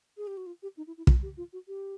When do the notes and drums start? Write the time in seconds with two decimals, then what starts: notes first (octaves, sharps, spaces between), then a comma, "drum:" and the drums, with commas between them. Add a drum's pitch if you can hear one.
0.17 G#4
0.27 G4
0.37 F#4
0.46 F4
0.62 G4
0.77 D#4
0.87 E4
0.97 E4
1.07 F4, drum: kick
1.22 G4
1.37 F4
1.53 F#4
1.68 G4